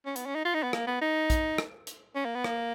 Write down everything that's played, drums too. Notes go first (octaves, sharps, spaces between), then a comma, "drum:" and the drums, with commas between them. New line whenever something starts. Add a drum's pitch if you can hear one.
C#4
B3, drum: hi-hat
C#4
D#4
F4
D#4
B3
A#3, drum: rim click
B3
D#4
drum: kick A#1, hi-hat
drum: rim click
drum: hi-hat
C#4
A#3
B3
A#3, drum: rim click